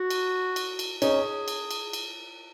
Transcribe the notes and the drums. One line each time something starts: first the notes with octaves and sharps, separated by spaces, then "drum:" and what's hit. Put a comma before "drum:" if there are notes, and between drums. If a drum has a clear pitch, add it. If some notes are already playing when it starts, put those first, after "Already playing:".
Already playing: F#4
drum: cymbal
drum: cymbal
drum: cymbal
C#4 D#4 G#4, drum: cymbal
drum: cymbal
drum: cymbal
drum: cymbal